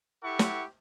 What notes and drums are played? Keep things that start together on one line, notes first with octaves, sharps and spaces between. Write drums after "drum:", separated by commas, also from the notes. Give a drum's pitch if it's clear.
E4 G4 A4 F#5 C#6
drum: snare